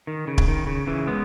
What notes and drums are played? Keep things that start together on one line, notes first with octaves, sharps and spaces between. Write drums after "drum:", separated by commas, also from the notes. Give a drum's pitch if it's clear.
D#3
C#3
drum: kick
D#3
C#3
C#3 E3
G#3 B3